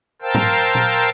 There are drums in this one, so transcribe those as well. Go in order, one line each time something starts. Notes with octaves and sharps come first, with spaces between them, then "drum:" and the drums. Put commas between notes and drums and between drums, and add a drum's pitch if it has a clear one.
A#4 C5 F5 G5 A5 E6
drum: tom G#2
drum: tom A#2